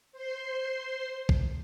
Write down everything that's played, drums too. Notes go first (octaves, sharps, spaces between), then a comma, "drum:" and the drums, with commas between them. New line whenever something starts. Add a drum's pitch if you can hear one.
C5 C6
drum: kick